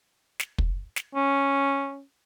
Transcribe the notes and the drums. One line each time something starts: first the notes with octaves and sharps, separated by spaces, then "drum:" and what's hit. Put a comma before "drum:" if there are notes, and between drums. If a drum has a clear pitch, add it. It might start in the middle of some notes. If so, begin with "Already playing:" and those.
drum: snare
drum: kick
drum: snare
C#4